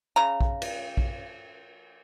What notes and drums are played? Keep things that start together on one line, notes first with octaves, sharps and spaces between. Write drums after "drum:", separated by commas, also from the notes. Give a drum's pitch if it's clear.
C#3 A#5
drum: kick A#1
drum: cymbal
drum: kick A#1